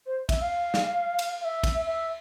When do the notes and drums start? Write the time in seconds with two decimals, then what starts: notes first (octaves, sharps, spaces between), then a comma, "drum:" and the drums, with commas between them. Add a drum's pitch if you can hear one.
0.06 C5
0.29 E5, drum: kick, cymbal
0.41 F5
0.74 drum: snare
1.19 drum: cymbal
1.41 F5
1.44 E5
1.64 drum: kick, cymbal
1.87 E5